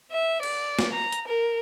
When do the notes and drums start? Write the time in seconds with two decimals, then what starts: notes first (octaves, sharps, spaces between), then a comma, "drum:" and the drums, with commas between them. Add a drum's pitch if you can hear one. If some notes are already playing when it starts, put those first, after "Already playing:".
0.10 E5
0.43 D5, drum: cymbal
0.79 drum: snare
0.93 A#5
1.12 drum: hi-hat
1.27 A#4